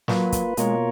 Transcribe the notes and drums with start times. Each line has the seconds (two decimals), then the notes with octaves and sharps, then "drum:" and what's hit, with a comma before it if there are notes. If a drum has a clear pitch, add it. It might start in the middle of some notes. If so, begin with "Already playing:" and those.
0.08 F#3 A#3 F4 B4, drum: snare
0.32 drum: kick, hi-hat
0.57 B2 G#3 A#3 F4 A#4 C#5, drum: hi-hat